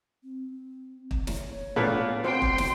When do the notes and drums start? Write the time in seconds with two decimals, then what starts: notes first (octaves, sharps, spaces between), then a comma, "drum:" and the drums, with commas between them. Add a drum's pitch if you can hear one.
0.23 C4
1.11 drum: kick
1.27 drum: snare
1.40 C#5
1.76 A#2 A3 B3 F5
2.24 C4 F#4 C5 G5 C6
2.42 drum: kick
2.58 drum: snare